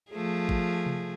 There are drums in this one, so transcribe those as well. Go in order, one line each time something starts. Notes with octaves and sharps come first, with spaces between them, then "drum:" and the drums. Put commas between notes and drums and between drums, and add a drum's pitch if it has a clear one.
F3 A3 G#4
drum: kick G#1
drum: tom C3